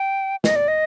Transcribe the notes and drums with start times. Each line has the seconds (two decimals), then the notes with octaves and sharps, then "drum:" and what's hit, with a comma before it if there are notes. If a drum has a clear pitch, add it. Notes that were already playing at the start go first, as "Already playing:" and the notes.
Already playing: G5
0.44 D#5, drum: snare
0.56 D5
0.68 D#5